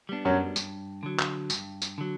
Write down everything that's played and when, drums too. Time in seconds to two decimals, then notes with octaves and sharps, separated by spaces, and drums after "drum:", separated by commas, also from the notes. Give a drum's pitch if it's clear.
0.09 G3 B3 D4
0.25 F#2 F#3
0.56 G2, drum: tambourine
1.03 D3 F#3
1.19 drum: clap
1.50 G2, drum: tambourine
1.82 drum: tambourine
1.98 D3 F#3